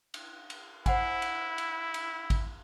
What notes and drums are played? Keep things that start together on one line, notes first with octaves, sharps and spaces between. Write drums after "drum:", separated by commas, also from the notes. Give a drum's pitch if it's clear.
drum: cymbal
drum: cymbal
E4 C5 F#5 G#5, drum: kick G#1, cymbal
drum: cymbal
drum: cymbal
drum: cymbal
drum: kick G#1, cymbal